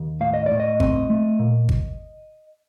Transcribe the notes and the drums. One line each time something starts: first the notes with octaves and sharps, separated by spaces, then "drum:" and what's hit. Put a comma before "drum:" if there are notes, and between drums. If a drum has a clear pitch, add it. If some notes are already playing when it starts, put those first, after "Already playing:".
Already playing: D#2
A2 F5
D#5
A2 D5
D#5
C4 D#5, drum: kick G#1
A3
A#2
drum: kick G#1